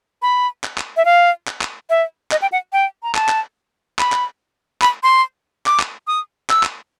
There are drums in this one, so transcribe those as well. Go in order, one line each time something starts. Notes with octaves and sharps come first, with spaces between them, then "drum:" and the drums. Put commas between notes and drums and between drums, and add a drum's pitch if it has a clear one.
B5
drum: clap
drum: clap
E5
F5
drum: clap
drum: clap
E5
D#5, drum: clap
G5
F#5
G5
A#5
A5, drum: clap
drum: clap
B5, drum: clap
drum: clap
B5, drum: clap
C6
D6, drum: clap
drum: clap
D#6
E6, drum: clap
drum: clap